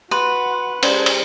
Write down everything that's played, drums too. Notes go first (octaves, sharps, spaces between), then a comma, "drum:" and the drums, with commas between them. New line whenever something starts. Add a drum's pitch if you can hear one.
F#4 B4 F#5 C6
G#3 C#4 G4 C5 D5, drum: cymbal
drum: cymbal